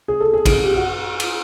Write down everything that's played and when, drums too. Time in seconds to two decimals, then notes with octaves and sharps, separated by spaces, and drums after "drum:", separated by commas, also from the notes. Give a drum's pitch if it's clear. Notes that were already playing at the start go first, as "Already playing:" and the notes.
0.08 G#4
0.20 A4
0.33 G#4
0.45 drum: kick, cymbal
0.64 G4
0.76 F#4
1.20 drum: cymbal